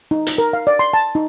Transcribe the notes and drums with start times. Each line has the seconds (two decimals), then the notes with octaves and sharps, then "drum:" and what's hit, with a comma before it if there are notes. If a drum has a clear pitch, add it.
0.11 D#4
0.27 drum: hi-hat
0.38 A#4
0.53 F5
0.67 D5
0.79 C6
0.94 A5
1.15 D#4